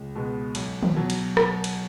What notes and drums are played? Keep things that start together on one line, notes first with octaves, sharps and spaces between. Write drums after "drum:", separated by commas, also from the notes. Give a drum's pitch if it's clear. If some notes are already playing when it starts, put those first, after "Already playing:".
Already playing: C#2
B2 G#3 B3
B1, drum: cymbal
drum: tom
B2 F#3
drum: cymbal
drum: rim click
drum: cymbal